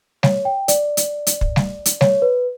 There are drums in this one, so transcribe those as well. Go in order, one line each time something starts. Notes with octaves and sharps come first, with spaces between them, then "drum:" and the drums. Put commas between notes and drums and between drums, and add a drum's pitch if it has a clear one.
C#5, drum: snare G3
G5
D5, drum: hi-hat
drum: hi-hat
drum: hi-hat
drum: kick
drum: snare G3
drum: hi-hat
C#5, drum: snare G3
B4